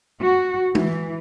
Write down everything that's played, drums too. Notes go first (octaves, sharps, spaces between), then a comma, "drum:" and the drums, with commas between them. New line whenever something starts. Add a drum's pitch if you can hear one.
F#4
E3, drum: tom